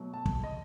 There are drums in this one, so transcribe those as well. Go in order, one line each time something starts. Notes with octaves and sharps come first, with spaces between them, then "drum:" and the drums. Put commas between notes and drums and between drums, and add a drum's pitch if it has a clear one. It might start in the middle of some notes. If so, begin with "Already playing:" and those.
Already playing: B2 F#3 A3
A5
drum: kick
D#5